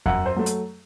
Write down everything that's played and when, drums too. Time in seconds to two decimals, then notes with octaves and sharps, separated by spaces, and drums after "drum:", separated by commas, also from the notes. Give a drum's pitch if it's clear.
0.06 F#2 F#5, drum: kick E2
0.26 C5
0.36 F#3 A3
0.46 drum: hi-hat